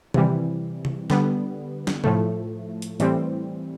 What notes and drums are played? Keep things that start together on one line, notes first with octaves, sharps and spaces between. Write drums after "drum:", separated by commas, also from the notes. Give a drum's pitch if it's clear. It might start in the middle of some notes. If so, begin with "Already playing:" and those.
C3 E3 G3, drum: tom D#3
drum: tom C3
D3 G3 B3, drum: snare
drum: snare
A2 F3 A3, drum: tom C3
drum: hi-hat
A2 E3 G3 C4, drum: hi-hat